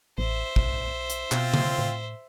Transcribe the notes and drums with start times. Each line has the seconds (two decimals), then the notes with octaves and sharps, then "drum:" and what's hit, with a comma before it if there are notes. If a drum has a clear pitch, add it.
0.18 A1 C5 E5
0.56 B1, drum: kick
1.10 drum: hi-hat
1.32 B2 C4 F4, drum: clap
1.54 drum: tom
1.79 A2